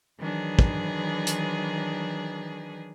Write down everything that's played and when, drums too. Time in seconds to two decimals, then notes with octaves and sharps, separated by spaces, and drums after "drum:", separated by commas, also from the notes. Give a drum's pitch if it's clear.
0.19 D#3 E3 F#3 D4 G#4 B4
0.59 drum: kick
1.27 drum: hi-hat